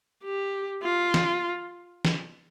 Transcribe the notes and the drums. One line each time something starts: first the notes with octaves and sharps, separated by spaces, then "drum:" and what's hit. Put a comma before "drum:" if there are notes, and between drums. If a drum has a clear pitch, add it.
G4
F4
drum: snare
drum: snare